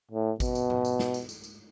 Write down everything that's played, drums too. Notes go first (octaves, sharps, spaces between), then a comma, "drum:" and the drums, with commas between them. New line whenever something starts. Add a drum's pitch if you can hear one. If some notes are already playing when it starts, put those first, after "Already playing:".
A2
B2, drum: kick G#1, tambourine
drum: tambourine
drum: tom G#2
drum: tambourine
drum: snare
drum: tambourine
drum: tambourine
drum: tambourine